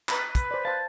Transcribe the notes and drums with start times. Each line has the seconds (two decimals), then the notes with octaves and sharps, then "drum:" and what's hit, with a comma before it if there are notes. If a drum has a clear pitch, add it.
0.09 B4 A#5 B5, drum: clap
0.35 drum: kick, hi-hat
0.51 C5 D5
0.65 C5 F5 A5